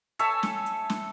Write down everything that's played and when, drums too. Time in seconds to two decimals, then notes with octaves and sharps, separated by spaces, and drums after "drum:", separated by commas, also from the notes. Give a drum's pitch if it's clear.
0.19 A4 C#5 E5 G#5, drum: hi-hat
0.43 drum: snare
0.66 drum: hi-hat
0.90 drum: snare